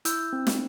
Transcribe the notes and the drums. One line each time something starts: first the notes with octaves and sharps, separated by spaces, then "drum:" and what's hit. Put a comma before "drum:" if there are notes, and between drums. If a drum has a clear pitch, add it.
E4 E6 G6, drum: hi-hat
C4
drum: snare